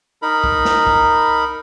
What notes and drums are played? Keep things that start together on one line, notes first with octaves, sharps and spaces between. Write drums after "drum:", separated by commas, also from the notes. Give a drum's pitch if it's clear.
D#4 A#4 B5
drum: kick
drum: snare
drum: kick